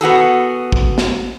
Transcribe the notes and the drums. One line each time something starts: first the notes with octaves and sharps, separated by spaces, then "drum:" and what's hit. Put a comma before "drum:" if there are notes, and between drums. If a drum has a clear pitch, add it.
B3 F#4 G#4 A4
drum: kick
drum: snare